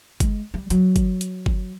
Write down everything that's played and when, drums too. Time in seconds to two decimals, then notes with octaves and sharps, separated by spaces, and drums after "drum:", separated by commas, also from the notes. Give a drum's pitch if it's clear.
0.20 G#3, drum: kick G1, hi-hat
0.54 G3
0.70 F#3, drum: hi-hat
0.96 drum: kick G1, hi-hat
1.21 drum: hi-hat
1.46 drum: kick G1